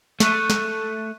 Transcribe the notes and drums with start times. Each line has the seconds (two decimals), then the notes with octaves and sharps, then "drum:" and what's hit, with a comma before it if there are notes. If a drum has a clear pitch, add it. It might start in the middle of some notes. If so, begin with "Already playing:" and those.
0.20 A3 C#6 F#6 D#7, drum: snare
0.50 drum: snare